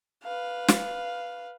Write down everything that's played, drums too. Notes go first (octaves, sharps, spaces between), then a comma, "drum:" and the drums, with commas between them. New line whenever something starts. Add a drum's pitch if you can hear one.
B4 F5
drum: snare